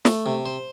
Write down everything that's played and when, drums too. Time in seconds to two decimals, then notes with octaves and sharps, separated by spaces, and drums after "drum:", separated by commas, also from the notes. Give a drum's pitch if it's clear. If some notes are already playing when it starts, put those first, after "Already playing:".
0.05 A3, drum: snare
0.26 C3
0.46 C5